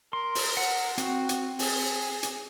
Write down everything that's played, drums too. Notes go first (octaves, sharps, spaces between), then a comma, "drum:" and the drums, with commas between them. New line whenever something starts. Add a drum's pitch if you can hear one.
A#4 C6
drum: open hi-hat
F#5
C4 F#4, drum: hi-hat
drum: hi-hat
G#4, drum: open hi-hat
drum: hi-hat